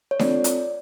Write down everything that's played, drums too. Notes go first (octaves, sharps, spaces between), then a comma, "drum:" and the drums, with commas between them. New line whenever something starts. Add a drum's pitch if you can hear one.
C#5
C4 F4 A4 D5, drum: snare D4
drum: hi-hat